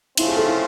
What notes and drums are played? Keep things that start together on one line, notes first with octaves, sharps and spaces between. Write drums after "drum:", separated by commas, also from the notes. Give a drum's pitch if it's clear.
C#3 F3 A3 C4 E4 F4, drum: cymbal
G#4
A4
E4